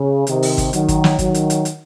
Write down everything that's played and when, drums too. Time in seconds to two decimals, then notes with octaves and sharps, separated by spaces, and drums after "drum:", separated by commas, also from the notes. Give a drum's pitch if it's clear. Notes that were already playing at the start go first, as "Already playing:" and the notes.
Already playing: C#3
0.27 C3 D#3, drum: hi-hat
0.43 drum: open hi-hat
0.58 drum: kick, hi-hat
0.73 D#3 F#3, drum: hi-hat
0.88 drum: kick, hi-hat
1.04 drum: snare
1.19 D#3 F#3, drum: kick, hi-hat
1.34 drum: hi-hat
1.50 drum: hi-hat
1.65 drum: hi-hat